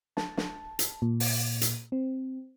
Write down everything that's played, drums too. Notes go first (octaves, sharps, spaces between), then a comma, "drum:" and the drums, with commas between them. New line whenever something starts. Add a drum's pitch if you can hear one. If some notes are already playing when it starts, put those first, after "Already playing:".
A5, drum: snare
drum: snare
drum: hi-hat
A#2
drum: open hi-hat
drum: hi-hat
C4